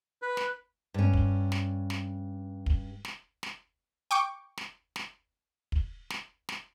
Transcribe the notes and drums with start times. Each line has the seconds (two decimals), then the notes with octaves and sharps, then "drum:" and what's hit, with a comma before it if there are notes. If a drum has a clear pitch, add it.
0.22 B4
0.37 drum: snare
0.94 G2 C#4
1.13 drum: kick
1.52 drum: snare
1.90 drum: snare
2.66 drum: kick
3.05 drum: snare
3.43 drum: snare
4.11 G5 C#6 D6
4.57 drum: snare
4.96 drum: snare
5.72 drum: kick
6.10 drum: snare
6.49 drum: snare